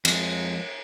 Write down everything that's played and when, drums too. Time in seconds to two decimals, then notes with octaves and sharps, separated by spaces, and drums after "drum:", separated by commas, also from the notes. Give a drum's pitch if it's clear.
0.05 F2 G#3, drum: cymbal